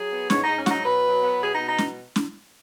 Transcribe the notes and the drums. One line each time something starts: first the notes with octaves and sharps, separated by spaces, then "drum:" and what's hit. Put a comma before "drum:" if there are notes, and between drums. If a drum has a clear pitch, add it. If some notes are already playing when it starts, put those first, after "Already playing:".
Already playing: F#3 G#4
B3
G#2 C#5, drum: snare
G#2 D#4
C#4
F#3 D#4 F#4, drum: snare
B2 B4
F#3
B3
B2 G#4
B2 D#4
D#4
drum: snare
drum: snare